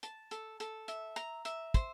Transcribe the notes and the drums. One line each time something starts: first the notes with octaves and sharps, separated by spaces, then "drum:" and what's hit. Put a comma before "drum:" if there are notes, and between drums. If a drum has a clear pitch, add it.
A5, drum: hi-hat
A4, drum: hi-hat
A4, drum: hi-hat
E5, drum: hi-hat
A#5, drum: hi-hat
E5, drum: hi-hat
C5, drum: kick, hi-hat